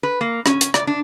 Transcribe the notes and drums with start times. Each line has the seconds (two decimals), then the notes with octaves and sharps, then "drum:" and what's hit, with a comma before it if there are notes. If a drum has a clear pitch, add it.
0.03 B4
0.21 A#3
0.46 C#4, drum: rim click
0.61 drum: hi-hat
0.74 D5, drum: rim click
0.87 D4